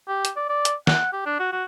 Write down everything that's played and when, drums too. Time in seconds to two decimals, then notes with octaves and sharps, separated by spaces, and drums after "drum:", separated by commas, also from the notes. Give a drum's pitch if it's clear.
0.08 G4
0.25 drum: hi-hat
0.36 D5
0.49 D5
0.65 drum: hi-hat
0.87 F#5, drum: snare
1.13 G4
1.26 D4
1.39 F#4
1.53 F#4